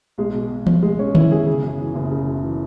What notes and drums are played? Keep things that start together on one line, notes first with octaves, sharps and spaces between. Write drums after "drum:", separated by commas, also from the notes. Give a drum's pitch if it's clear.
B1 G#3
B2
B2
B1, drum: tom E3
B1 G#3
B2 C#4
B2 E4, drum: tom D3
B1 G#4
C#3
F#2
E3
F#1
C#3
F#2
E3